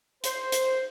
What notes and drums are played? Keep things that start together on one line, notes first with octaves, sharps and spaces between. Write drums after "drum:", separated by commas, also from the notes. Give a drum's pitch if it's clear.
C5, drum: hi-hat
drum: hi-hat